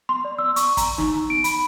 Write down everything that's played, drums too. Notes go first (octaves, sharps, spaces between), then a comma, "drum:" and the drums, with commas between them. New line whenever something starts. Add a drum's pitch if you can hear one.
C6
D5
E6
C#6, drum: hi-hat
A#5, drum: kick, hi-hat
D#4, drum: snare
D7
B5, drum: hi-hat